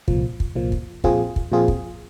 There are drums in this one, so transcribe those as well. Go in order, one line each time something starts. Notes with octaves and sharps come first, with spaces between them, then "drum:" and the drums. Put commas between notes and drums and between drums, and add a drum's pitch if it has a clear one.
C2 A#2 F3, drum: kick
drum: kick
C2 A#2 F3
drum: kick
A#2 F3 C4 F4 G#4, drum: kick
drum: kick
A#2 F3 C4 F4 G#4
drum: kick